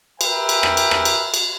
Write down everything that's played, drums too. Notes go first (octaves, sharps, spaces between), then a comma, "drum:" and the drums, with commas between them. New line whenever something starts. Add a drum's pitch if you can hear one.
G4 A#4 B4 E5 G5 G#5, drum: cymbal
drum: cymbal
drum: rim click
drum: cymbal
drum: rim click
drum: cymbal
drum: cymbal